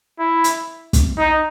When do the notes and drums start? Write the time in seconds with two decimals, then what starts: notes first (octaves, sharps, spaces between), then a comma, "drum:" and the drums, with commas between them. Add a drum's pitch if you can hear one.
0.19 E4
0.44 drum: hi-hat
0.93 drum: kick, hi-hat
1.18 D#4